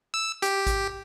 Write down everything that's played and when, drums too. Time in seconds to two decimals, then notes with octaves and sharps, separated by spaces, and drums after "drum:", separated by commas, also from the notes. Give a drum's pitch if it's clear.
0.14 E6
0.42 G4, drum: hi-hat
0.67 drum: kick G#1, hi-hat